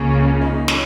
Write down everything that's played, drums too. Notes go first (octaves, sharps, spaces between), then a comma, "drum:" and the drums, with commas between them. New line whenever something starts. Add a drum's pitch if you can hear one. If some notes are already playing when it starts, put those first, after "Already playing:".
Already playing: C#2 C#3 A#3 C#4 G#4
F4
D#4
C#4, drum: snare